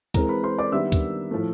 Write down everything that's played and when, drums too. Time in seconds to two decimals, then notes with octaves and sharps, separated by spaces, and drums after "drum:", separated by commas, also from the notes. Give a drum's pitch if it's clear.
0.14 E3 G#3 C4 A#4 A#5, drum: kick D2, hi-hat
0.29 B4 B5
0.43 C5 C6
0.58 D5 D6
0.72 D#3 G3 B3 D4 E5 E6
0.92 drum: kick D2, hi-hat
1.31 A2 F3 A3